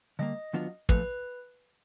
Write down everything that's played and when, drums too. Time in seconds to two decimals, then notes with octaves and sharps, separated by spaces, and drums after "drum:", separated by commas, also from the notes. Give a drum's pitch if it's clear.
0.19 D3 G3 A#3 D#5
0.53 D#3 F#3 B3 D4 F4
0.89 A#2 F3 A3 B4, drum: kick